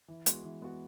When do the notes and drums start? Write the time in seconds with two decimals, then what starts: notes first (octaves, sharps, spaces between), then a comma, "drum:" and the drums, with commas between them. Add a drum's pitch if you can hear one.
0.08 E3
0.26 G#3 B3 F#4, drum: hi-hat
0.44 E3
0.62 G#3 B3 F#4